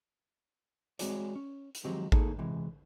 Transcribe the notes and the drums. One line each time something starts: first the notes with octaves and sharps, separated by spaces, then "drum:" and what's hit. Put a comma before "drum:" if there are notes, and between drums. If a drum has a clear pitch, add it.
G#3 C4 F#4 G#4 C#5 D5, drum: hi-hat
C#4
drum: hi-hat
D#3 F3 F#3 G#3 C4 G4
A2 A#3 D#4 G#4 A4, drum: kick A1
C3 E3 G#3